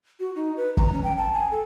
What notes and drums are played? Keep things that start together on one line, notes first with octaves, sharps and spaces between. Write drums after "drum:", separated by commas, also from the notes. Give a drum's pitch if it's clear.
F#4
D#4
B4
A#5, drum: kick
C#4
G5
A5
G#5
A4